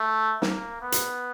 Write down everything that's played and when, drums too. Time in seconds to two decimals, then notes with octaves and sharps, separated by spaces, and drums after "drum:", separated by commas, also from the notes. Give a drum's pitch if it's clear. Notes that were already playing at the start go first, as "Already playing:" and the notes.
Already playing: A3
0.42 A#3, drum: snare
0.82 B3
0.92 drum: hi-hat